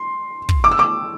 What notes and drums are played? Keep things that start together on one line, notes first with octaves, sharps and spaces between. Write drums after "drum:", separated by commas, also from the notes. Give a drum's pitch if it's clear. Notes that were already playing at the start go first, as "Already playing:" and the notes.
Already playing: C6
drum: kick
D6
E6
D6